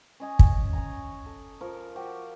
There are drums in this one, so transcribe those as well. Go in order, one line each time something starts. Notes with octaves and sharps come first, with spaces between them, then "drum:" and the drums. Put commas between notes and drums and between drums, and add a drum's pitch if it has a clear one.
C#4 D#5 G#5
drum: kick
C#5 G#5 A#5
A4
F3 A#4 C#6 D6
F3 F#4 G4